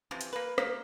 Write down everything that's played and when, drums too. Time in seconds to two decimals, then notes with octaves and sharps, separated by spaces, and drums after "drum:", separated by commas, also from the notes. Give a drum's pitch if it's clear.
0.11 C3 E3 F3
0.21 drum: hi-hat
0.33 A#3 B4
0.58 A#3, drum: rim click